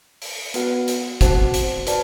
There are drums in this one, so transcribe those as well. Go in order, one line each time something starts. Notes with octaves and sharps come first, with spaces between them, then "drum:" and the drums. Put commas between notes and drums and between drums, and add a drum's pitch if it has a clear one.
drum: open hi-hat
B3 F#4 B4 F#5, drum: hi-hat
drum: hi-hat
C4 F#4 C5 F#5 A5, drum: kick, hi-hat
drum: hi-hat
F#4 B4 D5 A5, drum: hi-hat